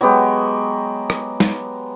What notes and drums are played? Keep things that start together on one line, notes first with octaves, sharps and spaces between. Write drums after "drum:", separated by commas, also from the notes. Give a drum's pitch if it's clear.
F#3 G#3 B3 G4
drum: rim click
drum: snare